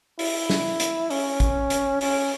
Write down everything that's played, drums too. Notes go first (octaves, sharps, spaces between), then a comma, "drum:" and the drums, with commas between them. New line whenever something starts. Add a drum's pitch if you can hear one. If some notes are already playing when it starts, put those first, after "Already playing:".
E4, drum: open hi-hat
drum: snare
drum: hi-hat
C#4, drum: open hi-hat
drum: kick, hi-hat
drum: hi-hat
C#4, drum: open hi-hat